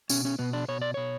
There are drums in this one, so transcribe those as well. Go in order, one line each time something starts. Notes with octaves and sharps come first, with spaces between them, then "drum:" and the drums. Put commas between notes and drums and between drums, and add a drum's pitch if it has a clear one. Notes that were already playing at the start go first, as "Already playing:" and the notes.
B2 C#4, drum: tambourine
C#4
B2 B3
D4
B2 C#5
D5
B2 C#5